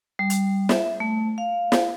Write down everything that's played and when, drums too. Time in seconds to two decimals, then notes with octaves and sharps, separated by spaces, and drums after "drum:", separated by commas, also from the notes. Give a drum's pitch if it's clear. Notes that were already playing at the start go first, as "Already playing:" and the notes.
0.19 G3
0.30 drum: hi-hat
0.69 E5, drum: snare
1.00 A3
1.38 F5
1.72 drum: snare